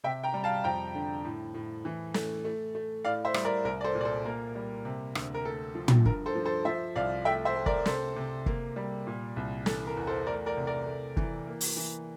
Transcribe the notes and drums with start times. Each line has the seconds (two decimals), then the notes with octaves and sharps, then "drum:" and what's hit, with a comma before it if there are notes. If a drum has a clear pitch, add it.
0.04 C3 E5 G5
0.24 G5 A#5
0.34 G3
0.44 F5 A5
0.64 F2 G5 A#5
0.95 D3
1.24 A2
1.54 A2
1.85 E3
2.14 A3, drum: snare
2.45 A3
2.75 A3
3.05 A2 D5 F5
3.25 C5 E5
3.34 G3, drum: rim click
3.45 A#4 D5
3.64 C2 A#4
3.81 D5
3.84 A4 C5
3.95 A#2
4.01 D5
4.05 A4 C5
4.25 A#3 A#4
4.55 G3
4.85 C3
5.15 D2, drum: rim click
5.34 A#4
5.45 A3 A4
5.75 F3
5.88 drum: tom
6.05 G2 A#4, drum: kick
6.26 A4 C5
6.35 F3
6.45 A4 C5
6.65 F3 C5 E5
6.96 C2 D5 F5
7.25 A3 E5 G5
7.45 C5 E5
7.56 A3
7.66 A#4 D5, drum: kick
7.85 C3 A4 C5, drum: snare
8.16 C3
8.46 A#3, drum: kick
8.76 G3
9.07 A#2
9.36 C2
9.66 E3 A4, drum: snare
9.87 A#4
9.97 E2
10.07 A4 C5
10.26 A3 A#4 D5
10.46 A#4 D5
10.57 C3
10.67 A#4 D5
10.86 A3
11.17 E3, drum: kick
11.47 A#3
11.61 drum: open hi-hat
11.77 E3